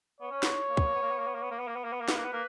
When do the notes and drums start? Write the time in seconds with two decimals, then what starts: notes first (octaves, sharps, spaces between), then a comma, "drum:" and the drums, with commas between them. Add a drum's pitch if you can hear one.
0.20 B3 C#5
0.31 C#4
0.43 B3, drum: snare
0.69 A#3
0.77 B3, drum: kick
0.86 A#3
0.94 B3
1.02 A#3
1.11 B3
1.18 A#3
1.27 B3
1.35 A#3
1.42 B3
1.51 A#3
1.59 B3
1.67 A#3
1.76 B3
1.84 A#3
1.93 B3
2.01 A#3
2.08 B3, drum: snare
2.15 A#3 B4
2.25 B3
2.33 A#3